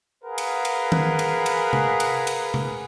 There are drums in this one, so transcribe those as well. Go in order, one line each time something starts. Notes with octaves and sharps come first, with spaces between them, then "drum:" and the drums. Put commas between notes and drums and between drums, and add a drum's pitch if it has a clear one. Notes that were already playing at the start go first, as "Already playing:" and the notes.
G#4 A#4 B4 F5 F#5 G#5
drum: cymbal
drum: cymbal
drum: tom D#3
drum: cymbal
drum: cymbal
drum: tom C3
drum: cymbal
drum: cymbal
drum: tom C3